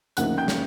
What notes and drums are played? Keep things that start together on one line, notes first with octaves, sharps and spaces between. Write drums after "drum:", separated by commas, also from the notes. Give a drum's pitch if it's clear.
D2 C#3 F3 A#3 D#4 F#5 F#6, drum: hi-hat
G5 G6
drum: snare